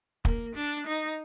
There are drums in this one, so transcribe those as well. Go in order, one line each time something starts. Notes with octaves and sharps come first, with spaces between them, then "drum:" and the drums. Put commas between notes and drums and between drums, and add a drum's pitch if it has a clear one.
A#3, drum: kick
D4
D#4